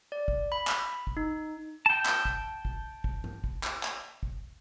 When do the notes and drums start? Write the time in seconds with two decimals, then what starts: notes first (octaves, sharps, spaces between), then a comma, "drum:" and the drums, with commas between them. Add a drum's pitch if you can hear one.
0.12 D5
0.28 drum: kick G#1
0.52 B5
0.67 drum: clap
1.07 drum: kick G#1
1.17 D#4
1.86 G5 A5
2.06 drum: clap
2.25 drum: kick G#1
2.65 drum: kick G#1
3.04 drum: kick G#1
3.24 drum: tom G2
3.44 drum: kick G#1
3.63 drum: clap
3.83 drum: clap
4.23 drum: kick G#1